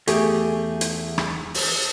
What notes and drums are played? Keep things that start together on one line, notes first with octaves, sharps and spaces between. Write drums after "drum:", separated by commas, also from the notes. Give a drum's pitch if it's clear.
E2 A3 G4 G#4 C#6, drum: hi-hat
drum: hi-hat
drum: rim click
drum: open hi-hat